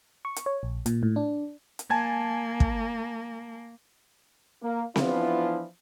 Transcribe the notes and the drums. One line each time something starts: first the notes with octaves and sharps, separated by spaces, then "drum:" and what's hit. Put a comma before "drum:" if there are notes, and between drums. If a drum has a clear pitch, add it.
C#6
drum: hi-hat
C#5
A#1
A#2, drum: hi-hat
A2
D4
drum: hi-hat
A#3 G#5 A5 G#6
drum: kick
A#3
E3 F3 B3 D4 E4 F4, drum: snare C4